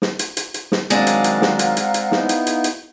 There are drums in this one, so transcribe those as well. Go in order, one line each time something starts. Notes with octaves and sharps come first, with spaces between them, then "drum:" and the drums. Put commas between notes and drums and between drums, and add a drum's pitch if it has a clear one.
drum: snare
drum: hi-hat
drum: hi-hat
drum: hi-hat
drum: snare
D#3 F#3 G#3 C4 D4 F5 F#5 A#5, drum: hi-hat
drum: hi-hat
drum: hi-hat
drum: snare
drum: hi-hat
drum: hi-hat
drum: hi-hat
B3 D#4 E4, drum: snare
drum: hi-hat
drum: hi-hat
drum: hi-hat